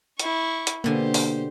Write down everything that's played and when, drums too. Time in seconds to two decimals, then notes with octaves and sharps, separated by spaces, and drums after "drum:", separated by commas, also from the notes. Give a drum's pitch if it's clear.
0.19 E4 C#6, drum: hi-hat
0.67 drum: hi-hat
0.84 B2 D3 A#3 G4 C5 G#5
1.14 drum: open hi-hat